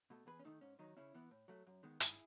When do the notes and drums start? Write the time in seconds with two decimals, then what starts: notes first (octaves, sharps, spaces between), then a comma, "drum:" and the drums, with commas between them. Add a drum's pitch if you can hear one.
0.10 B2 A3
0.26 E2 G#4 B4
0.39 C#4
0.45 D#3 A3 D#4
0.61 G#2 C#4
0.79 D#3 F#3 D#4
0.97 C#3 C#4 E4
1.14 E3 B3
1.31 A2
1.48 F#3 A3
1.67 F#2
1.83 D#3 G#3 B3
2.00 G#2 E4 G#4, drum: hi-hat